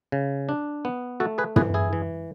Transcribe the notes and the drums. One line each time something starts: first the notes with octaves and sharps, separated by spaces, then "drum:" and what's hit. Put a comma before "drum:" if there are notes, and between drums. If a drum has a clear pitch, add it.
C#3
D4
B3
A3 F#4 A4
G#4 B4
E3 G#4 B4, drum: tom
E4 G#4
E3